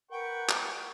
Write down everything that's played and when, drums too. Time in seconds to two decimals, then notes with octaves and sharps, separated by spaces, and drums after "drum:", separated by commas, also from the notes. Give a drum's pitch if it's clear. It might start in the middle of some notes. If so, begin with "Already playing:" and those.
0.11 A#4 B4 F#5 G5 C#6
0.49 drum: clap